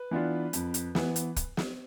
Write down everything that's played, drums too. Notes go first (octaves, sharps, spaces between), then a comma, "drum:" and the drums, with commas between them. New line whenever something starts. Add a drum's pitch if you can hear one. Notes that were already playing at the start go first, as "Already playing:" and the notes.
Already playing: B4
E3 B3 D4 F4
F2, drum: hi-hat
drum: hi-hat
E3 B3, drum: snare
drum: hi-hat
drum: kick, hi-hat
drum: snare